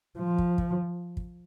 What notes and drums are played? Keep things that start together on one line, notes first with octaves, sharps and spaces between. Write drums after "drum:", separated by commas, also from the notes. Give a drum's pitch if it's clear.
F3
drum: kick
drum: kick
drum: kick